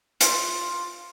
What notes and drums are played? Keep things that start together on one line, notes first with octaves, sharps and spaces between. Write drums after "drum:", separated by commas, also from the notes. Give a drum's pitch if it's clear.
F4, drum: hi-hat